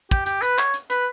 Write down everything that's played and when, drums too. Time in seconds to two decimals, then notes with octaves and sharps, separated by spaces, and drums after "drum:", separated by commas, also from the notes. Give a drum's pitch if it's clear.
0.11 G4, drum: kick
0.26 G4, drum: hi-hat
0.42 B4, drum: hi-hat
0.58 C#5, drum: clap
0.74 drum: hi-hat
0.90 B4, drum: hi-hat